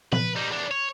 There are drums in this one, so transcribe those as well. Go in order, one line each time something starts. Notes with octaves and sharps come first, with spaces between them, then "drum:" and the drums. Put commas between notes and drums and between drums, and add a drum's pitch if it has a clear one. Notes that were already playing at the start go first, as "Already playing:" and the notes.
B4, drum: tom A#2
G3 D#4
E2 D4
C#5